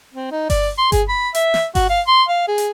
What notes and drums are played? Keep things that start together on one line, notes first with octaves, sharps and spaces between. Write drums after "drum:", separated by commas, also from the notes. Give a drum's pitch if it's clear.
C4
D#4
D5, drum: kick G1, open hi-hat
C6
G#4, drum: kick G1, hi-hat
B5
E5, drum: hi-hat
drum: snare
F#4, drum: kick G1, open hi-hat
F5
C6
F5
G#4
drum: hi-hat